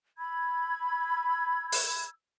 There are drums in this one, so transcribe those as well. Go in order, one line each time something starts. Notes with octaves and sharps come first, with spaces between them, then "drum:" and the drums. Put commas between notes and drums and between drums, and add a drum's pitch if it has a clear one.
B5 E6 G#6
drum: open hi-hat